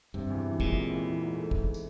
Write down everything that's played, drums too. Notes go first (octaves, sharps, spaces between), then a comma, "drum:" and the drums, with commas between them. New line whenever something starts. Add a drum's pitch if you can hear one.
G2 C3
E2
E3
A#2 G#3, drum: kick
C3
E2
E3
G#2
A3
drum: kick
drum: tambourine